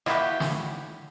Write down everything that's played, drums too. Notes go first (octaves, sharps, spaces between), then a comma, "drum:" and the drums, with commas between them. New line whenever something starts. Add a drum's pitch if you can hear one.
A#3 E4 F#4 G4, drum: rim click
drum: snare